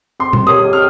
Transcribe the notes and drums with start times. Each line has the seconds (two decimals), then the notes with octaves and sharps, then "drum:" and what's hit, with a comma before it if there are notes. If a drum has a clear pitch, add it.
0.20 C4 C6
0.33 drum: tom A#2
0.47 G4 A#4 C#5 D#6
0.73 C4 F6